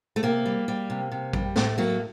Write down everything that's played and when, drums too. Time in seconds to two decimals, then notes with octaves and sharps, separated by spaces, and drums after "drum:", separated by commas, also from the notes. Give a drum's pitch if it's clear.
0.16 A3
0.23 C3 A#3
0.46 G3
0.68 G3
0.90 C3
1.12 C3
1.33 G3, drum: kick A1
1.56 A2 A3, drum: snare
1.78 F#3 A#3